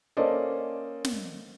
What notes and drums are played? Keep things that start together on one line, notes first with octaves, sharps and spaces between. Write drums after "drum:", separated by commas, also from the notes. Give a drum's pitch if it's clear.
A#3 C#4 A4 C5 D5 D#5
drum: snare